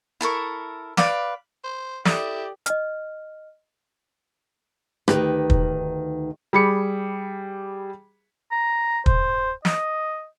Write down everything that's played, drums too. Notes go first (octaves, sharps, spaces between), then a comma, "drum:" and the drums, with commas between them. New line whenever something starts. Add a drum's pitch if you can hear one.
E4 A4 A#4 C#6
B4 D5 F5 D6, drum: snare
C5
E4 G4 A4 D5 D6 D#6, drum: snare
D#5 F6, drum: hi-hat
D2 D#3 D#4 G4 B4, drum: rim click
drum: kick
G3 G#4 B5 D6 C#7
A#5
C5, drum: kick
D#5, drum: snare